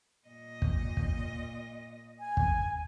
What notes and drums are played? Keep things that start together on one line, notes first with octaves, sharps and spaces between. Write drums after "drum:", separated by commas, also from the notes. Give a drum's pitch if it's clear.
A#2 D#5
drum: kick
drum: kick
G#5
drum: kick